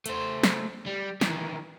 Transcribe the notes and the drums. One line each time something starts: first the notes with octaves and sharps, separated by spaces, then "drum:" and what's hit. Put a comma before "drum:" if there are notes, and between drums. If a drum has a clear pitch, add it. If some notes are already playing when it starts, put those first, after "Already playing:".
A3 C5, drum: hi-hat
drum: snare
G3
D#3 E3, drum: snare